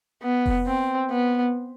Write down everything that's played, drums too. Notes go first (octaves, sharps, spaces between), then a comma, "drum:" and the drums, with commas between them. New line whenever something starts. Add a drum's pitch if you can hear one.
B3
drum: kick F1
C4
B3